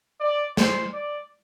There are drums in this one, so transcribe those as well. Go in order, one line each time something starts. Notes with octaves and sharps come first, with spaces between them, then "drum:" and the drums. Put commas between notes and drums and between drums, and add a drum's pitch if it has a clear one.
D5
C5, drum: snare
D5